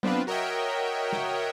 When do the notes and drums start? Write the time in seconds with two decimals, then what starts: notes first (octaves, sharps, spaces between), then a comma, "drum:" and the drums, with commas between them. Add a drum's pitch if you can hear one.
0.03 B3 C4 D4 F4 B4, drum: tom F#3
0.27 F#4 A#4 C#5 D#5 E5 G5
1.12 drum: snare